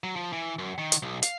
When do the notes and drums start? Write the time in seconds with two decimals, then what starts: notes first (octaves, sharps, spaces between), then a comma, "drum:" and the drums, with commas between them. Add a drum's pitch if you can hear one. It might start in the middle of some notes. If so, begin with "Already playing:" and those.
0.04 F#3
0.16 F3
0.33 E3
0.59 F#2
0.78 D#3
0.92 drum: hi-hat
1.02 B1
1.23 F5, drum: hi-hat